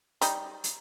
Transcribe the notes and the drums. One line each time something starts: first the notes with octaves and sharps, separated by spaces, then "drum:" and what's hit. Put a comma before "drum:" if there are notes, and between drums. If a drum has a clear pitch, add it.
G3 D#4, drum: hi-hat
drum: hi-hat